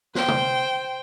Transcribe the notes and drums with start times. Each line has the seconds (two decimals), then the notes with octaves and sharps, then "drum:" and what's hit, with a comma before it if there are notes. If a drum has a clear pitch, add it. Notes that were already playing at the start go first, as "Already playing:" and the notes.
0.15 C5 G5, drum: snare
0.28 drum: tom C3